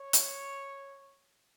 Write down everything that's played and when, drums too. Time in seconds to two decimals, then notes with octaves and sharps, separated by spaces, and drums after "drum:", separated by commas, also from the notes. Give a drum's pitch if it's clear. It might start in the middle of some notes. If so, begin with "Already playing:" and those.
Already playing: C#5
0.13 drum: hi-hat